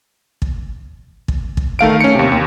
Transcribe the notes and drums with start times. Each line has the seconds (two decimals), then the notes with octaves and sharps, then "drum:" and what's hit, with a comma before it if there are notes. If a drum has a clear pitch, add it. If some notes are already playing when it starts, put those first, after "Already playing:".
0.42 drum: kick
1.28 drum: kick
1.57 drum: kick
1.79 D#3 A3 F5 D7
2.01 C#4 C#7
2.15 D#2 C3
2.32 D#2